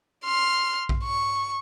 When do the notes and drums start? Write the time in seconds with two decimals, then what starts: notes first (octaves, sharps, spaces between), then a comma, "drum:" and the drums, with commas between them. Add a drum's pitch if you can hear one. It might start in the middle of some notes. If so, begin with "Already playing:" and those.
0.25 C6 F6
0.89 drum: kick A#1
1.04 C#6